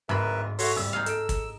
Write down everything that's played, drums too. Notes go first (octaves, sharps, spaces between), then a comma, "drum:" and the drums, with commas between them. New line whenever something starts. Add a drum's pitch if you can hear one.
D1 G#2 A#4 B4 E5 B5
F#4 A4 C#5 E5 C6, drum: open hi-hat
D1 G3 E6
D#4 G#4 F5
A4 E6 D7, drum: hi-hat
drum: kick G#1, hi-hat